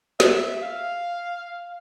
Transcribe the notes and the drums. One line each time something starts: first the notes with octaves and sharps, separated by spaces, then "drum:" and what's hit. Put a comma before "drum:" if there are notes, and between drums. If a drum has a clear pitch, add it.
E5, drum: snare
F5